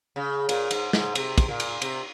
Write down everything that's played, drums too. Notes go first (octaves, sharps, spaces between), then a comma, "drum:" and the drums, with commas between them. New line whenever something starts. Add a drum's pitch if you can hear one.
C#3
A#2, drum: cymbal
G#2, drum: cymbal
G#2, drum: snare
C3, drum: cymbal
drum: kick, cymbal
A#2
drum: cymbal
C3, drum: cymbal